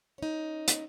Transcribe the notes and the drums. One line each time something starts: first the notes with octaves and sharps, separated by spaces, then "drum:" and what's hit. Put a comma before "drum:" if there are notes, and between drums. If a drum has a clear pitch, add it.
C#4 D#4
drum: hi-hat